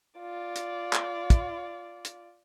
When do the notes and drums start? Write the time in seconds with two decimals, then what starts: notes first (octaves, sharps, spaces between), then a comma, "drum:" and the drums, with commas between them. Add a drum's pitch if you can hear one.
0.18 F4 D5
0.56 drum: hi-hat
0.93 drum: clap
1.30 drum: kick, hi-hat
2.05 drum: hi-hat